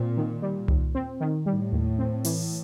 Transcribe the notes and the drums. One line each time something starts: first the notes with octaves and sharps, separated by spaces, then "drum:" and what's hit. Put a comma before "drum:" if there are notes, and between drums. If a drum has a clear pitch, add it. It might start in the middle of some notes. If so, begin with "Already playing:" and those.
Already playing: A#2 C4
D#3
G3
D#2, drum: tom C2
C4
D#3
A2 G3
D#2
C4
E3, drum: open hi-hat